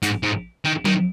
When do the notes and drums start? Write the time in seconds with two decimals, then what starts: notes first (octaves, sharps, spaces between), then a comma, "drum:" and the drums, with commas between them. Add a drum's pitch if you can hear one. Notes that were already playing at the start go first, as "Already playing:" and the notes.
0.02 G#2, drum: hi-hat
0.23 G#2
0.65 D#3
0.85 D#3, drum: tom F#3